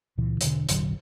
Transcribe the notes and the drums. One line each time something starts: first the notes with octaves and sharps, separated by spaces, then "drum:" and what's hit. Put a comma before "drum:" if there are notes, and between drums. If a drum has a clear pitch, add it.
C#2 A#2 C#3 E3
E1 B2 D3, drum: hi-hat
E1 A1 D3 F#3, drum: hi-hat